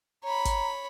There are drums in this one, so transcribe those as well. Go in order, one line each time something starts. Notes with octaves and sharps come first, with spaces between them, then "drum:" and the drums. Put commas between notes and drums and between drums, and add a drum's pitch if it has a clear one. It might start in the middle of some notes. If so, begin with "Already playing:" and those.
C#5 A#5 B5
drum: kick, hi-hat